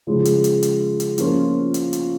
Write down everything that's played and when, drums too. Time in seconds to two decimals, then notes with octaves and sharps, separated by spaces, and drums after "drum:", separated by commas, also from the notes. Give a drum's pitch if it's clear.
0.07 C#3 F3 G#3
0.25 drum: hi-hat
0.44 drum: hi-hat
0.63 drum: hi-hat
1.00 drum: hi-hat
1.18 F3 A#3 C#4 F4, drum: hi-hat
1.74 drum: hi-hat
1.93 drum: hi-hat